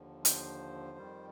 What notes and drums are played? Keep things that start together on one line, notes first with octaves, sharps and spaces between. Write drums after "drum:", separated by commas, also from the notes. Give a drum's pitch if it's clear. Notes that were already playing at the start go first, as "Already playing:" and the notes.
Already playing: D#2 D3 F3
C5, drum: hi-hat
F2 D#3 G3